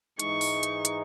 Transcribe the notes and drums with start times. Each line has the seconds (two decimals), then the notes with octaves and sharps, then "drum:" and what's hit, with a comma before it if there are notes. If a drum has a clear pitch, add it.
0.19 G#2 E3 G#3 D#4 C#6, drum: hi-hat
0.41 drum: open hi-hat
0.63 drum: hi-hat
0.85 drum: hi-hat